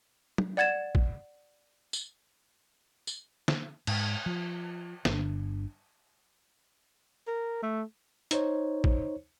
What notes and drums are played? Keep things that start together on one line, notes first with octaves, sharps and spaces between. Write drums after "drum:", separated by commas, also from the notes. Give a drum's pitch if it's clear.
drum: tom F#3
D5 F#5 G#6 A6 E7
drum: kick
drum: tambourine
drum: tambourine
drum: snare
G#2, drum: cymbal
F3
G1 D3, drum: snare
A#4
A3
D#4 C5 C#5, drum: hi-hat
drum: kick